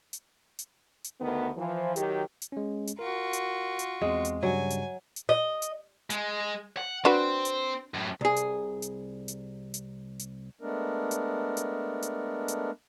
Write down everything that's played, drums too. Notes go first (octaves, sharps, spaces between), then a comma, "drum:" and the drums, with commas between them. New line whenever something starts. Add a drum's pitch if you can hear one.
drum: hi-hat
drum: hi-hat
drum: hi-hat
D2 D#3 B3
E3 F3
D#3 F#3 G4, drum: hi-hat
drum: hi-hat
G#3 C#4
drum: hi-hat
F4 F#4 A#4
drum: hi-hat
drum: hi-hat
E2 G#3 C4
drum: hi-hat
G2 C#3 F#3 G3 G#5
drum: hi-hat
drum: hi-hat
D#5
drum: hi-hat
G#3, drum: hi-hat
F#5
C4 D4 F#4 B4
drum: hi-hat
F#2 A2
C2 G#4
drum: hi-hat
drum: hi-hat
drum: hi-hat
drum: hi-hat
drum: hi-hat
G#3 A3 B3 D4 A#4
drum: hi-hat
drum: hi-hat
drum: hi-hat
drum: hi-hat